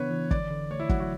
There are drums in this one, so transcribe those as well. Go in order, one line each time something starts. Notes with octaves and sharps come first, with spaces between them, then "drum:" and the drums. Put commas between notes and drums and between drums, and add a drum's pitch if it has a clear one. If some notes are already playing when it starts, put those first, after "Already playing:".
Already playing: C#3 E3 B3 D4 B4 C#5
E3
D3 D5, drum: kick
D3
A3 C#5
E4
F#3 F#4, drum: kick
F#4